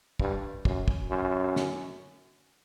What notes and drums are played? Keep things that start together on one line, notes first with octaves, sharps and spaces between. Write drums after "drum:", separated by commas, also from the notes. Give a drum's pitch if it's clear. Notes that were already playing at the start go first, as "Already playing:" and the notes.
G2, drum: kick
F#2, drum: kick
drum: kick
F#2
drum: snare